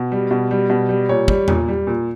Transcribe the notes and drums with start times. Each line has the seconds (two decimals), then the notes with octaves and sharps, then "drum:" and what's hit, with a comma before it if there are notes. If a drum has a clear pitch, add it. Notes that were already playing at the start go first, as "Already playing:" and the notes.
Already playing: B2
0.12 G3
0.31 B2
0.51 G3
0.70 B2
0.89 G3
1.09 A#2 C#5
1.28 G3, drum: kick
1.48 A#2, drum: tom E2
1.68 G3
1.87 A#2